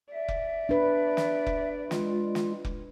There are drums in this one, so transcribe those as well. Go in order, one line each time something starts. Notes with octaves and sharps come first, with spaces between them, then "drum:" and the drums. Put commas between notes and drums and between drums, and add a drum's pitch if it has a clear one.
D5 E5
drum: kick F1
D4 B4
drum: snare
drum: kick F1
G#3 F4, drum: snare
drum: snare
drum: kick F1